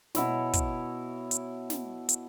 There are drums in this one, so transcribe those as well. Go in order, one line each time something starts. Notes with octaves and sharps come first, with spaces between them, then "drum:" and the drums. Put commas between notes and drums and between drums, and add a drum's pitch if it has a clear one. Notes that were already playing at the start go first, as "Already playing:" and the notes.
B2 E4 C#5, drum: snare
drum: kick, hi-hat
drum: hi-hat
drum: snare
drum: hi-hat